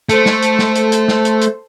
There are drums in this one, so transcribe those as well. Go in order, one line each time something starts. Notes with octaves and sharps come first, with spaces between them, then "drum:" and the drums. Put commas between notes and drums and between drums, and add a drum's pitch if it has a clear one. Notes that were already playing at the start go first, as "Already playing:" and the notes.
A3 A4 C5, drum: hi-hat
drum: snare
drum: hi-hat
drum: snare
drum: hi-hat
drum: hi-hat
drum: snare
drum: hi-hat
drum: hi-hat